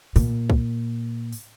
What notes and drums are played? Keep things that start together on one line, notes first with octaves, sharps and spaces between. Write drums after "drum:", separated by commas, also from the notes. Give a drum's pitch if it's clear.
A#2, drum: open hi-hat
drum: kick C2
drum: open hi-hat